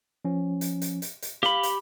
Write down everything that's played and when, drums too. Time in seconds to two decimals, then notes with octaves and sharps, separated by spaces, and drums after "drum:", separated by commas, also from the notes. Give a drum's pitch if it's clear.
0.25 F3 C#4
0.61 drum: hi-hat
0.82 drum: hi-hat
1.02 drum: hi-hat
1.22 drum: hi-hat
1.43 G4 F5 B5, drum: snare
1.63 drum: hi-hat